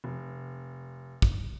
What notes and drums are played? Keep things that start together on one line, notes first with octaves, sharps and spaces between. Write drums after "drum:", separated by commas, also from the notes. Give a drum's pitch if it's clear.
F1
drum: kick